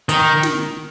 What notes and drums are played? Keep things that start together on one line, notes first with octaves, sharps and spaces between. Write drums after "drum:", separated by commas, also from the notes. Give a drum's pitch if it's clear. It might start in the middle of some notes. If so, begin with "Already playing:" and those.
D#3, drum: hi-hat
drum: snare